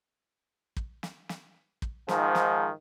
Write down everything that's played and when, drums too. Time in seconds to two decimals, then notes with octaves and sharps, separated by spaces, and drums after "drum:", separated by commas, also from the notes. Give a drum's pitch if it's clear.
0.76 drum: kick
1.03 drum: snare
1.29 drum: snare
1.82 drum: kick
2.08 G#2 D#3 F3, drum: snare
2.35 drum: snare